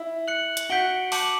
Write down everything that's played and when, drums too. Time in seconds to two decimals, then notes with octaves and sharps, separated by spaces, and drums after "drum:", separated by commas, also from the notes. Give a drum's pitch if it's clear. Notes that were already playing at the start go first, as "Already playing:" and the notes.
Already playing: E4
0.27 F#6 C#7 F#7
0.57 drum: hi-hat
0.69 F#4 G6 B6 D7 G7
1.12 A5 D6 G6 C#7 F#7, drum: open hi-hat